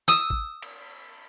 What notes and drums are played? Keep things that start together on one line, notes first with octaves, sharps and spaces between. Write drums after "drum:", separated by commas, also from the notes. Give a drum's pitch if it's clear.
D#6 E6, drum: snare
drum: kick
drum: cymbal